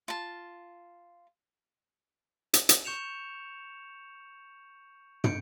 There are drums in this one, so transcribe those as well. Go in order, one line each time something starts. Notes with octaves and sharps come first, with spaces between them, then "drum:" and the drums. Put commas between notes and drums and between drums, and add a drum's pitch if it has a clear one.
F4 A5
drum: hi-hat
drum: hi-hat
C#6 G6 C#7 E7 F7
G6 C#7 D7, drum: tom